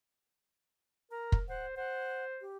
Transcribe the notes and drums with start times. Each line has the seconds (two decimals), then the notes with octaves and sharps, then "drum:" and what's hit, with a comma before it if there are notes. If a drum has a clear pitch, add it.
1.11 A#4 A#5
1.32 drum: kick
1.48 C5 F#5
1.77 C5 F#5
2.41 G4